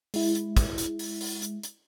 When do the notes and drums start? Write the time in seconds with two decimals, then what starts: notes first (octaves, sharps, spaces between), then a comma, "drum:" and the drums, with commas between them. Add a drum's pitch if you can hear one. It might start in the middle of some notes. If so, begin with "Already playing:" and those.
0.14 G#3 E4, drum: open hi-hat
0.35 drum: hi-hat
0.57 drum: kick, hi-hat
0.78 drum: hi-hat
0.99 drum: open hi-hat
1.21 drum: open hi-hat
1.42 drum: hi-hat
1.63 drum: hi-hat